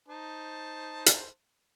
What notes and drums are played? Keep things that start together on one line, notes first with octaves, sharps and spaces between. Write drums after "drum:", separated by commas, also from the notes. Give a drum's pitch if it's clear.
D#4 C5 A5
drum: hi-hat